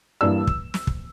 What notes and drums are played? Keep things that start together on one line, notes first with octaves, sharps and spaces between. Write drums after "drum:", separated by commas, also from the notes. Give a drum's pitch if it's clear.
G2 E3 A#3 D4 E6
drum: kick
drum: snare
drum: kick